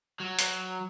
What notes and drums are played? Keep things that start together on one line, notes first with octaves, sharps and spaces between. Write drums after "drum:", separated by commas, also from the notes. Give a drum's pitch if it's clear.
F#3
drum: hi-hat